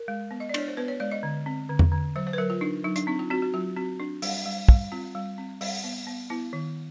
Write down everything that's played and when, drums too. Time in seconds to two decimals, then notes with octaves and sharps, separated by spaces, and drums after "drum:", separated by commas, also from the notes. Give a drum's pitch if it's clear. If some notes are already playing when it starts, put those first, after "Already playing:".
Already playing: A#4
0.08 G#3
0.31 B3
0.40 D#5
0.49 D5
0.54 D4 C#5, drum: cymbal
0.68 C5
0.77 B3 B4
0.88 C#5
1.00 G#3 D5
1.11 D#5
1.23 D3
1.46 C4
1.69 D3
1.79 drum: tom E2
1.92 D3
2.16 F#3 C5
2.27 C5
2.33 B4
2.38 F#3 A#4
2.50 F4
2.61 D4 D#4
2.84 F#3 D#4
2.96 D4, drum: hi-hat
3.07 C4 D#4
3.19 F4
3.30 C4 F#4
3.42 F#4
3.54 F#3 F4
3.76 C4 F#4
4.00 D4
4.22 G3, drum: open hi-hat
4.46 G3
4.68 G3, drum: kick
4.92 C4 F4
5.15 G3
5.38 C4
5.61 G3, drum: open hi-hat
5.84 B3
6.07 B3
6.30 B3 E4
6.53 D#3